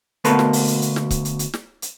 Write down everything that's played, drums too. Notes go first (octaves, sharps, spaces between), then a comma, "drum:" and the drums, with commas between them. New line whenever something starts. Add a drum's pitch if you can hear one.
D2 B2 A#3 A4 B4, drum: hi-hat
drum: snare
drum: open hi-hat
drum: hi-hat
drum: hi-hat
drum: snare
drum: kick C#1, hi-hat
drum: hi-hat
drum: hi-hat
drum: snare
drum: hi-hat